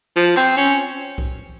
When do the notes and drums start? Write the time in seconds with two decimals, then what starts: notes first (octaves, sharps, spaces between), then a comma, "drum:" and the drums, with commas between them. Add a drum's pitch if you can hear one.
0.16 F3
0.37 C4, drum: clap
0.56 C#4
1.18 drum: kick C2